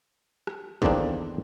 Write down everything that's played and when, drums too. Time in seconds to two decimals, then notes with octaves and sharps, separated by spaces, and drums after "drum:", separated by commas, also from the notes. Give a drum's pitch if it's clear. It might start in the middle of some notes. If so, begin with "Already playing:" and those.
0.47 drum: rim click
0.82 E2 D3 D#3 A#3 C4 D4, drum: kick